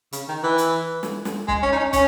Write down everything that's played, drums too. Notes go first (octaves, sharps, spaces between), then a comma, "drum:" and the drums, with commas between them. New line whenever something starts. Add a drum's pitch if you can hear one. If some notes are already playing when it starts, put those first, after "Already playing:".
C#3, drum: hi-hat
D#3
E3
drum: hi-hat
drum: snare
drum: snare
G#3, drum: kick
C#4
D#4
C#4
C#4, drum: kick, hi-hat